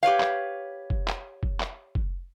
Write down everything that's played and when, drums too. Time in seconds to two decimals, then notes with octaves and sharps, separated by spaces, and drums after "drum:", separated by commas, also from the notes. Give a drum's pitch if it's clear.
0.03 G4 B4 C#5 F5
0.20 drum: clap
0.90 drum: kick
1.08 drum: clap
1.43 drum: kick
1.60 drum: clap
1.95 drum: kick